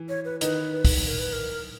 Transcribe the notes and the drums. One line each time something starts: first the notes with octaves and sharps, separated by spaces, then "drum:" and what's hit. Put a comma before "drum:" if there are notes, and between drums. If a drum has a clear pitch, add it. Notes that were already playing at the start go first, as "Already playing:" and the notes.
Already playing: E3
C#5
B4
D#3 D#4 B4, drum: hi-hat
drum: kick, open hi-hat
A#4
B4
A#4